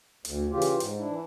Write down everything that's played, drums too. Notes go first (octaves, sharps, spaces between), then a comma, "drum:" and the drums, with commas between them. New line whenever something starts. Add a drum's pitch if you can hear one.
D2, drum: hi-hat
C#3 E3 F4 G4
drum: hi-hat
G#2, drum: hi-hat
D4 E4
E3